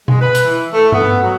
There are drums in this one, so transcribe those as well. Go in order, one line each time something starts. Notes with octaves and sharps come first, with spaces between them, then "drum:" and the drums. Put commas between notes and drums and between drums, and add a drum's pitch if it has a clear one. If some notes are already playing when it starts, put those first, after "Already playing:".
G#3, drum: tom B2
B4
drum: hi-hat
E3
A3
B3, drum: tom G2
F#3